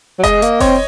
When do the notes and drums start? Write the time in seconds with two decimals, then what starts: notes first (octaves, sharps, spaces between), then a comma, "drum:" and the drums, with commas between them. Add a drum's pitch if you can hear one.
0.19 F#3
0.23 G#3 D#5, drum: kick F1, hi-hat
0.42 A#3, drum: hi-hat
0.60 C4 C#5, drum: kick F1, open hi-hat